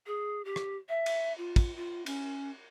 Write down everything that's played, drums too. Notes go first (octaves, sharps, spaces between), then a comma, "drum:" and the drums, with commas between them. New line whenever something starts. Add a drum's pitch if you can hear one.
G#4
G4
drum: rim click
E5
drum: cymbal
F4
drum: kick, cymbal
F4
C#4, drum: cymbal